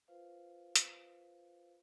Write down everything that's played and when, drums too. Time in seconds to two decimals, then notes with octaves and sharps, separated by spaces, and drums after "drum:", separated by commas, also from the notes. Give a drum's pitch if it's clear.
0.08 F4 B4 C5 F5
0.76 drum: hi-hat